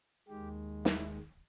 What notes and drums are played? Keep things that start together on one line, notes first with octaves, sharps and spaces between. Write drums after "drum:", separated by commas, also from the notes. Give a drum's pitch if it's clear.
D#2 D#3 G#3 G4
E4, drum: snare